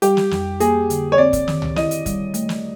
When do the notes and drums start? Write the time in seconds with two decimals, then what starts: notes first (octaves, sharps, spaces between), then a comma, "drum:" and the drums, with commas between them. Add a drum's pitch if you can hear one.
0.02 G3 G4, drum: hi-hat
0.17 drum: snare
0.31 F2, drum: snare
0.60 A#3 G#4, drum: hi-hat
0.90 D3, drum: hi-hat
1.12 C#5
1.18 C4 D5
1.33 drum: kick, hi-hat
1.48 D#3, drum: snare
1.62 drum: tom
1.76 E4 D#5, drum: snare
1.91 drum: hi-hat
2.06 G3, drum: kick, hi-hat
2.34 A3, drum: hi-hat
2.49 drum: snare